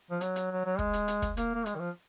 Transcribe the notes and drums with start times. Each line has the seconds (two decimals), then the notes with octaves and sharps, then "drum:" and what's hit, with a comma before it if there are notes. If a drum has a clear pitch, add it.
0.11 F3
0.21 F#3, drum: hi-hat
0.36 drum: hi-hat
0.51 F#3
0.65 F#3
0.79 G#3, drum: kick
0.93 drum: hi-hat
1.08 drum: hi-hat
1.22 drum: kick, hi-hat
1.37 A#3, drum: hi-hat
1.55 A#3
1.66 G#3, drum: hi-hat
1.76 D#3
1.80 F3